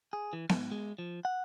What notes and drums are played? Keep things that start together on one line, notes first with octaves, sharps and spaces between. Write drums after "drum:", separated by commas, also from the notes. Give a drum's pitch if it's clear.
G#4
E3
G#2, drum: snare B3
G#3
F3
F#5